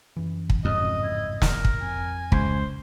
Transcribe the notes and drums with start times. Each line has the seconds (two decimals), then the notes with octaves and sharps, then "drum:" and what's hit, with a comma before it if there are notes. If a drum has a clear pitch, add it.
0.17 F#2 E3
0.50 drum: kick
0.65 A1 F2 G#2 C#3 D#5 D#6
1.03 E4
1.42 A#4, drum: snare
1.65 drum: kick
1.82 F2 G#5
2.32 C#2 C5, drum: kick